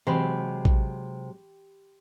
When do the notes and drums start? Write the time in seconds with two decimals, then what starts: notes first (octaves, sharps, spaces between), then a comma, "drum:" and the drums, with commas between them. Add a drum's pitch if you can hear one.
0.07 C3 E3 F#3 G#3 G4 B5 C6
0.65 drum: kick